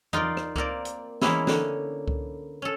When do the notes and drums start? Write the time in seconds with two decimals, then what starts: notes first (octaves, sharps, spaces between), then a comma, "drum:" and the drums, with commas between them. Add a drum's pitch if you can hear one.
0.13 D#4 F4 A#4 D5, drum: tom
0.37 drum: rim click
0.56 A#3 C4 A#4 D5, drum: kick C#2
0.85 drum: hi-hat
1.21 E3 G#3 A#3 B3 C#4 E4, drum: snare
1.47 D3 C#4, drum: snare
2.08 drum: kick C#2
2.62 C#4 A4